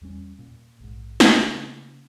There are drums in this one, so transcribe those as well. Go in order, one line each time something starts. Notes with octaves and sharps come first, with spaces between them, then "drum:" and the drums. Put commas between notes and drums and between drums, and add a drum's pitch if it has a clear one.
E2 G3 C#4
A#2
A#1 G#2
drum: snare
C#3 A#3 C#4